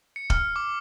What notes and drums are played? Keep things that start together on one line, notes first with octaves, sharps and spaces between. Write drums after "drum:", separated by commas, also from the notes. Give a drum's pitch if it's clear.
C#7
F6, drum: kick
D6